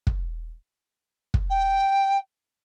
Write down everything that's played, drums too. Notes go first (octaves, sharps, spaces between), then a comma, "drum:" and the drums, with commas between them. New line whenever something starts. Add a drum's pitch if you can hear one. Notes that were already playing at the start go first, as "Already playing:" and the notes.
drum: kick
drum: kick
G5